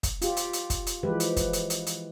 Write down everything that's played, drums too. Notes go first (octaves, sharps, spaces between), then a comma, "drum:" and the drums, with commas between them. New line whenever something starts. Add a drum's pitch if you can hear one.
drum: kick, hi-hat
F4 G4, drum: hi-hat
drum: hi-hat
drum: hi-hat
drum: kick, hi-hat
drum: hi-hat
E3 F3 G#3 G4 B4
drum: hi-hat
drum: kick, hi-hat
drum: hi-hat
drum: hi-hat
drum: hi-hat